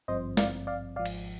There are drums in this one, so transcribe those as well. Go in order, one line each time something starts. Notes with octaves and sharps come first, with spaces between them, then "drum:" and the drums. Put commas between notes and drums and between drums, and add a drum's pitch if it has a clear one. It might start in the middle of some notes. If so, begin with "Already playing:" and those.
G#1 G2 F3 C4 C5 D#5
D5 F5, drum: snare
D5 F5
G#1 G#2 F3 D5 F5
drum: cymbal